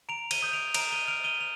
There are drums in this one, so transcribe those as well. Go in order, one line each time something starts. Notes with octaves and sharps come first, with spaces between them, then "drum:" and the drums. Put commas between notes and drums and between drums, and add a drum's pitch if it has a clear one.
A#5 D7 F7
D#7 G7, drum: cymbal
D#6 G6
D7 F7
A#5 D7 F7, drum: cymbal
D#7 G7
F6 D7 F7
D#7 G7
F7